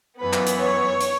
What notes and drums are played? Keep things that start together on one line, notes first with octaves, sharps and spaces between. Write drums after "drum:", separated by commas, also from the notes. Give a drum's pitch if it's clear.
F#2 E3 B3 B4
drum: clap
drum: hi-hat
C#5
drum: hi-hat